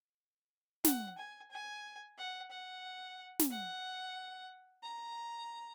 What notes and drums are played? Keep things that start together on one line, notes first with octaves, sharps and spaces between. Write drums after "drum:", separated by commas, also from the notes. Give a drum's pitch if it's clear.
F#5, drum: snare
G#5
G#5
F#5
F#5
drum: snare
F#5
A#5